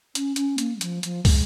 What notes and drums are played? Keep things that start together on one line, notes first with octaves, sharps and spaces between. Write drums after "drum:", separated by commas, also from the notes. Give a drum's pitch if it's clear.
C#4, drum: hi-hat
C#4, drum: hi-hat
A#3, drum: hi-hat
G#3
F3, drum: hi-hat
F3, drum: hi-hat
G#3, drum: kick, open hi-hat